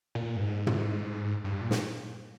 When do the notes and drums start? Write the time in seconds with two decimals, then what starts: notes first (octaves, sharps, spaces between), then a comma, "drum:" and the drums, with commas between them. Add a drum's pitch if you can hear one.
0.15 A#2
0.36 G2
0.41 G#2
0.67 drum: tom
1.44 G2
1.61 A#2
1.71 drum: snare